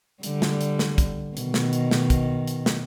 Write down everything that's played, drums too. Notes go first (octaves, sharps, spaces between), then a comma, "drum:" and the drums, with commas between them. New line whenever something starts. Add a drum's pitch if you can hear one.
D3 G3, drum: hi-hat
drum: snare
drum: hi-hat
drum: snare
drum: kick, hi-hat
B2 D#3, drum: hi-hat
drum: snare
drum: hi-hat
drum: snare
drum: kick, hi-hat
drum: hi-hat
drum: snare